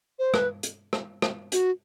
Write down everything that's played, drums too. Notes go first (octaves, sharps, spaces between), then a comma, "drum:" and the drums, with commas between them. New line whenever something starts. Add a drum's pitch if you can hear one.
C5
B4, drum: rim click
drum: hi-hat
drum: rim click
drum: rim click
F#4, drum: hi-hat